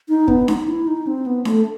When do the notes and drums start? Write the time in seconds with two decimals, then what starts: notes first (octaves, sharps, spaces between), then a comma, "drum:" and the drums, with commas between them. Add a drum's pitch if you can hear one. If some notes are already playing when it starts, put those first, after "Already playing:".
0.09 D#4
0.28 B3, drum: kick
0.48 D#4, drum: snare D4
0.67 E4
0.87 D#4
1.07 C4
1.26 B3
1.45 A3, drum: snare D4